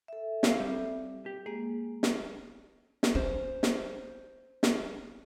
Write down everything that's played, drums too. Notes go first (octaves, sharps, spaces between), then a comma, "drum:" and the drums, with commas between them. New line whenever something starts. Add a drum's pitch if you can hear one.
A4 E5
C#4 E4 F5, drum: snare
G3 C4
G4
G#3 A#3 G#4
drum: snare
drum: snare
C#4 C5 A#5
drum: snare
drum: snare